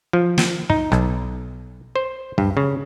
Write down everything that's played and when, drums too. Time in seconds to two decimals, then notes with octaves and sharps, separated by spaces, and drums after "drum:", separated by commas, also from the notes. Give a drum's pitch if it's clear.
0.13 F3
0.38 drum: snare
0.70 D#4, drum: kick
0.92 B1, drum: rim click
1.96 C5
2.38 G2, drum: kick
2.57 C#3